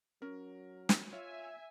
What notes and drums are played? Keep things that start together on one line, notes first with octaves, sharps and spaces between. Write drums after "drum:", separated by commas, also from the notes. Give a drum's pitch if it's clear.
F#3 C#4 A#4
drum: snare
F4 C#5 E5 F5 G#5